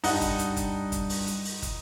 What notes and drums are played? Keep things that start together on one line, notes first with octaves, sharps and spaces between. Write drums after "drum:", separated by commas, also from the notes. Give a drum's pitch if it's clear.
G2 G3 D#4 F#5, drum: open hi-hat
drum: kick, hi-hat
drum: hi-hat
drum: kick, hi-hat
drum: kick, hi-hat
drum: open hi-hat
drum: hi-hat
drum: open hi-hat
drum: kick, hi-hat